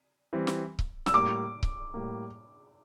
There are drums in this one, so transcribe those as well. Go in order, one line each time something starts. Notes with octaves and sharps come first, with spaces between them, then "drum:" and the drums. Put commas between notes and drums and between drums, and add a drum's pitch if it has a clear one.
E3 G3 C4
drum: snare
drum: kick C#1
E6, drum: snare
A2 G3 A#3 D6
drum: kick C#1
A2 G3 A#3